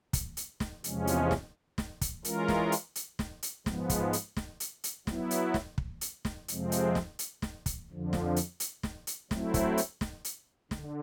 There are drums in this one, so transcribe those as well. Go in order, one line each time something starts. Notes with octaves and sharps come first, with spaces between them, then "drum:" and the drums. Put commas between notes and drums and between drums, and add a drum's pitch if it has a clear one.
drum: kick, hi-hat
drum: hi-hat
drum: snare
E2 C3 F3 G#3 C#4, drum: hi-hat
drum: hi-hat
drum: snare
drum: snare
drum: kick, hi-hat
E3 G#3 C#4 F4 A#4, drum: hi-hat
drum: snare
drum: hi-hat
drum: hi-hat
drum: snare
drum: hi-hat
G#2 F3 G#3 B3, drum: snare
drum: kick, hi-hat
drum: hi-hat
drum: snare
drum: hi-hat
drum: hi-hat
F#3 B3 E4, drum: snare
drum: hi-hat
drum: snare
drum: kick
drum: hi-hat
drum: snare
F2 C3 F3 G#3 C4, drum: hi-hat
drum: hi-hat
drum: snare
drum: hi-hat
drum: snare
drum: kick, hi-hat
F2 D3 F3
drum: snare
drum: hi-hat
drum: hi-hat
drum: snare
drum: hi-hat
F#3 A3 C4 E4, drum: snare
drum: kick, hi-hat
drum: hi-hat
drum: snare
drum: hi-hat
D3, drum: snare